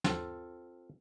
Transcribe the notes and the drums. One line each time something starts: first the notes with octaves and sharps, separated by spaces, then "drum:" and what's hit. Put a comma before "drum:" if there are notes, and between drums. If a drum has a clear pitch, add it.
C4 F4 A4, drum: snare